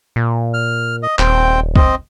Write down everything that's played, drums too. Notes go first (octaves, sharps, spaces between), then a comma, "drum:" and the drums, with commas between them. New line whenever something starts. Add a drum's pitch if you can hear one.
A#2
F6
D#5
D#1 C4 G5, drum: clap
C4 D#5, drum: kick C2